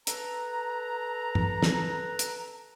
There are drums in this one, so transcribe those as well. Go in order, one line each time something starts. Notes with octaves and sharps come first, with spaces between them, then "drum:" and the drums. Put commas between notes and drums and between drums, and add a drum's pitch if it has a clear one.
A4 B4 A#5, drum: hi-hat
drum: tom
drum: snare
drum: hi-hat